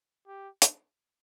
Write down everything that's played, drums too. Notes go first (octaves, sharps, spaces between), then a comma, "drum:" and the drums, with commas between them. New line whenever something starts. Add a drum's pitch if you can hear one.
G4
drum: hi-hat